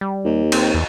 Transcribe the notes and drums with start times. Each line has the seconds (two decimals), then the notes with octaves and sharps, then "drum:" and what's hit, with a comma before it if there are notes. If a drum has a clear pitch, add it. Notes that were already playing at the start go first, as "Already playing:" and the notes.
0.01 G3
0.25 D#2
0.52 C4, drum: cymbal
0.74 E2